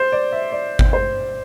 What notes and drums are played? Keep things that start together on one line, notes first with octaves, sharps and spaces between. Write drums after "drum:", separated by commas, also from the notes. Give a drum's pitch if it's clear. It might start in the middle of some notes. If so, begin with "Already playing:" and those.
Already playing: C5
D5
E5
D5
drum: kick G#1
C5